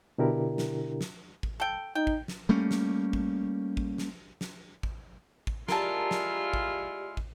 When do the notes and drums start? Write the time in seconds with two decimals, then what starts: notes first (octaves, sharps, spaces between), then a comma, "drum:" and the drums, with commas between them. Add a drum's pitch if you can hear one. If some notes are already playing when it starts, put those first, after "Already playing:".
0.18 B2 D3 D4 E4 G4 A#4
0.58 drum: snare
1.01 drum: snare
1.43 drum: kick
1.60 A4 G5
1.95 D#4 G5
2.07 drum: kick
2.28 drum: snare
2.49 G3 A3 A#3 C#4
2.71 drum: snare
3.13 drum: kick
3.77 drum: kick
3.98 drum: snare
4.41 drum: snare
4.83 drum: kick
5.47 drum: kick
5.68 G#3 E4 F4 G4 A#4 D5 A5, drum: snare
6.11 drum: snare
6.53 drum: kick
7.17 drum: kick